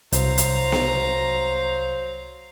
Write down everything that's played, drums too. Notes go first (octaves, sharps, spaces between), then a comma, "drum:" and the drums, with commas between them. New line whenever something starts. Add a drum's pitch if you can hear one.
C2 F#3 C5 F5 A#5, drum: hi-hat
drum: hi-hat
drum: snare B3